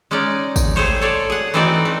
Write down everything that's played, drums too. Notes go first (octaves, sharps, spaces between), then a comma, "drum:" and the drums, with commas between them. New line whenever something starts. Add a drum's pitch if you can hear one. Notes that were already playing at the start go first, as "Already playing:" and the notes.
G#3 C#4 D#4 D5
drum: kick, tambourine
G3 A3 G#4 C5 C#5
A4 C#5 D5
G#4 F#5
E3 A3 C4 D#4 F#4 D5
A3